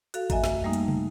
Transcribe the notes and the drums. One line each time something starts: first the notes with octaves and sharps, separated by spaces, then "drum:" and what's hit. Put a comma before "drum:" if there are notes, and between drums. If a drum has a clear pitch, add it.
F#4 A4 F5, drum: hi-hat
F#2 A3 D#5 E5 G#5, drum: kick G#1, hi-hat
drum: snare
G3 A3 A#3 D#4
drum: hi-hat
drum: tom